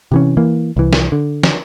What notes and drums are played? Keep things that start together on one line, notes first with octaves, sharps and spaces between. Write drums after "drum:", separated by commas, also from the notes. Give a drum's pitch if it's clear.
C3 E3 C#4
E3 A#3
C2 E3
drum: snare
D3
drum: snare